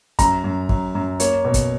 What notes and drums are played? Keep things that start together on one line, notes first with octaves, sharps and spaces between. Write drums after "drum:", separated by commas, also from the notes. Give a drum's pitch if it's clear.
F#2 A#5, drum: kick, hi-hat
F#2
F#2, drum: kick
F#2
A#3 C#5, drum: hi-hat
B2
drum: kick, hi-hat